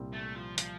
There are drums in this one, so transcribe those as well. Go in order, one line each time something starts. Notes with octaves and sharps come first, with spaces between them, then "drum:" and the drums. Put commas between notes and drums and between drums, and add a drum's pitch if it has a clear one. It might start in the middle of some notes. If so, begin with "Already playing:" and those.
Already playing: C2 A#2 G3 C4
A3
F3
F3, drum: hi-hat